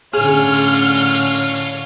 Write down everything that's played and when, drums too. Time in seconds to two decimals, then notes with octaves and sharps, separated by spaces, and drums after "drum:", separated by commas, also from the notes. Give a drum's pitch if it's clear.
0.13 A2 D3 C#4 F4 G#4 C#5 F6
0.54 drum: hi-hat
0.74 drum: hi-hat
0.94 drum: hi-hat
1.14 drum: hi-hat
1.35 drum: hi-hat
1.55 drum: hi-hat